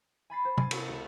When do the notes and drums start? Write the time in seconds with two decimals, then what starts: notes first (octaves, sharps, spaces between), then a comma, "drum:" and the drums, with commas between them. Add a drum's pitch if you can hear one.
0.30 G#5 B5 A6 C7
0.45 C5
0.57 G#5 A6 C7, drum: tom
0.71 A4, drum: cymbal
0.89 C#2 E7